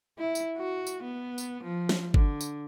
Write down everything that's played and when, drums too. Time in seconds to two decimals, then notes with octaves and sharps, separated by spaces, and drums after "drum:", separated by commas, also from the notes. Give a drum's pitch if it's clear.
0.18 E4
0.35 drum: tambourine
0.58 F#4
0.87 drum: tambourine
1.04 B3
1.38 drum: tambourine
1.64 F3
1.89 drum: snare
2.14 D3, drum: kick G1
2.41 drum: tambourine